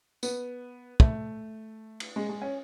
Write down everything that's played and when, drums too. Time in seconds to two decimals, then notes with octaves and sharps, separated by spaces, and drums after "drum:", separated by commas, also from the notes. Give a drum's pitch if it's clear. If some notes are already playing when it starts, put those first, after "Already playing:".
0.23 B3, drum: tambourine
1.00 A3, drum: kick
2.00 drum: cymbal
2.16 G#3
2.29 G#3
2.42 C#4